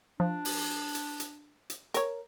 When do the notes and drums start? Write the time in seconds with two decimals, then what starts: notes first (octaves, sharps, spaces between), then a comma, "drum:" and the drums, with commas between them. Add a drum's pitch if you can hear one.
0.20 F3 D4
0.45 drum: open hi-hat
0.95 drum: hi-hat
1.20 drum: hi-hat
1.70 drum: hi-hat
1.94 A#4 C#5, drum: hi-hat